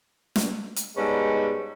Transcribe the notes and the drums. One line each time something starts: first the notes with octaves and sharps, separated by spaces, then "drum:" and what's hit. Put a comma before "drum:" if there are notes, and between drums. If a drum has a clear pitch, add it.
drum: snare
drum: hi-hat
G#2 G3 G#3 B3 C#4 D4